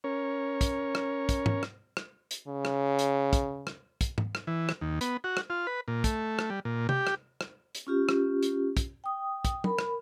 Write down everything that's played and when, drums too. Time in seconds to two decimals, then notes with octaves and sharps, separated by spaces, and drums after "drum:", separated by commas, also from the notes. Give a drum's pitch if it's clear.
0.04 C#4 A#4 C#5
0.61 drum: kick, hi-hat
0.95 drum: rim click
1.29 drum: kick, hi-hat
1.46 drum: tom G#2
1.63 drum: rim click
1.97 drum: rim click
2.31 drum: hi-hat
2.48 C#3
2.65 drum: rim click
2.99 drum: hi-hat
3.33 drum: kick, hi-hat
3.67 drum: rim click
4.01 drum: kick, hi-hat
4.18 drum: tom G#2
4.35 drum: rim click
4.47 E3
4.69 drum: rim click
4.81 D#2
5.01 B3, drum: hi-hat
5.24 F#4
5.37 drum: rim click
5.50 F4
5.67 B4
5.88 A#2
6.04 A3, drum: kick, hi-hat
6.39 drum: rim click
6.50 G3
6.65 A#2
6.89 G4, drum: tom
7.07 drum: rim click
7.41 drum: rim click
7.75 drum: hi-hat
7.87 C#4 F4 G4
8.09 drum: rim click
8.43 drum: hi-hat
8.77 drum: kick, hi-hat
9.04 G5 D#6
9.45 drum: kick, hi-hat
9.64 A#4 B5, drum: tom
9.79 drum: rim click